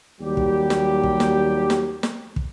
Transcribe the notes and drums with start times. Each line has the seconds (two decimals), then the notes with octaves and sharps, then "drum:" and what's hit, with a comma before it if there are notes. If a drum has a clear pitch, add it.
0.20 D#2 F#3 G3 G4
0.37 drum: kick
0.70 drum: snare
1.03 drum: kick
1.20 drum: snare
1.70 drum: snare
2.03 drum: snare
2.36 drum: kick